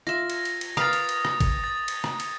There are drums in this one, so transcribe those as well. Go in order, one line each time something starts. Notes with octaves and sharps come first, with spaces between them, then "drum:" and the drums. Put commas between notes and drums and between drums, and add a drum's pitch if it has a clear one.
F4 E5 A#6
drum: cymbal
drum: cymbal
drum: cymbal
A#4 B4 F5 D#6 A6, drum: rim click
drum: cymbal
drum: cymbal
drum: rim click
drum: kick, cymbal
A6
drum: cymbal
drum: rim click
drum: cymbal